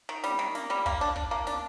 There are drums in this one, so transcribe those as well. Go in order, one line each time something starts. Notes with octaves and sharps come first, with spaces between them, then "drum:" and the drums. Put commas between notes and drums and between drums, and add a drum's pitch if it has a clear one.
D#3
G3, drum: snare
D#3
A#3, drum: snare
G3
A#3, drum: kick
D4
D4, drum: kick
A#3
D4, drum: snare